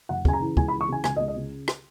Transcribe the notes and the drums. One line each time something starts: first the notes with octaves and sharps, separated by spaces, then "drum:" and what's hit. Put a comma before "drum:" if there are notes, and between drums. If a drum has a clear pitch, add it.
F#1 F#5
C#3 G#5, drum: kick
A#5
E3
C#2 G#5, drum: kick
B5
E3
C#6
C#3 G#5
C#2 G#5, drum: rim click
D#5
C#2
D#5
C#3
drum: rim click